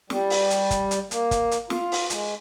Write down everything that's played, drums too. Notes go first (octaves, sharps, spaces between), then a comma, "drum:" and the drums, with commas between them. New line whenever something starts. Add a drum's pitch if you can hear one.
G3, drum: snare
drum: open hi-hat
drum: hi-hat
drum: kick, hi-hat
drum: hi-hat
A#3, drum: hi-hat
drum: kick, hi-hat
drum: hi-hat
F4, drum: snare
drum: open hi-hat
G#3, drum: hi-hat